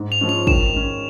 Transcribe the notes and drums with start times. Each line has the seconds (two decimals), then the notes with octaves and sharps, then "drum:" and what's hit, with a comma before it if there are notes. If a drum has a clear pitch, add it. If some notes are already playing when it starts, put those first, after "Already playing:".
Already playing: G#2
0.12 F7
0.21 F3 G#3 C#4
0.29 F7
0.47 D#3 E7, drum: kick
0.74 G#3 C#4